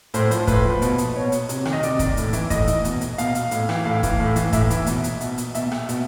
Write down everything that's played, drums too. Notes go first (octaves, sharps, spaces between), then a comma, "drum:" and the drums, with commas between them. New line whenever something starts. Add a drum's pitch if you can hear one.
A2 C5, drum: hi-hat
F3 C5, drum: hi-hat
A2 B4, drum: kick, hi-hat
F3
B2, drum: hi-hat
drum: hi-hat
B2 C#5
drum: hi-hat
C3, drum: hi-hat
D#3, drum: rim click
D#5
C3 D5, drum: hi-hat
D#3, drum: kick, hi-hat
A2, drum: hi-hat
E3, drum: hi-hat
A2 D#5, drum: kick, hi-hat
E3, drum: hi-hat
B2, drum: hi-hat
drum: hi-hat
B2 F5, drum: hi-hat
drum: hi-hat
A2, drum: hi-hat
E3, drum: rim click
A2 F5
E3, drum: kick, hi-hat
A2
E3, drum: hi-hat
A2 E5, drum: kick, hi-hat
E3, drum: hi-hat
B2, drum: hi-hat
drum: hi-hat
B2, drum: hi-hat
drum: hi-hat
B2 E5, drum: hi-hat
drum: rim click
B2, drum: hi-hat